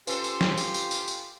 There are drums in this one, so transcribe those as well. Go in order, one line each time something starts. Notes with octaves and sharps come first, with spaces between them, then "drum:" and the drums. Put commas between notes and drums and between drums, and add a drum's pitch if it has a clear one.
C#4 F4 G4 A4 B4 C5, drum: tambourine
drum: tambourine
drum: snare
drum: tambourine
drum: tambourine
drum: tambourine
drum: tambourine